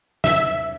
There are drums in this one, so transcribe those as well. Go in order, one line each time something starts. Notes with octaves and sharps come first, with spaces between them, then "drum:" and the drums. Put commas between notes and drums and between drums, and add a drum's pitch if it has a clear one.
E5, drum: snare